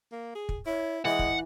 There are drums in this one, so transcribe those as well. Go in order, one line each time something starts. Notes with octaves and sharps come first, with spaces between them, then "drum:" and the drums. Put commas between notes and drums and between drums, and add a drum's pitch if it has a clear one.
A#3
G#4
drum: kick
E4 C#5
E3 G#3 D#5 F#5
drum: kick